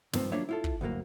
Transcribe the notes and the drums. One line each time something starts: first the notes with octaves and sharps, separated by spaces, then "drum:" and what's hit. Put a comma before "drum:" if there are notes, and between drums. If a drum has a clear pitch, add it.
C2 G2 D#3 F3 C4, drum: snare
F#3 A#3 D4 F4 C#5 E5
E4 F4 A4
drum: kick
D2 G2 F#3 A#3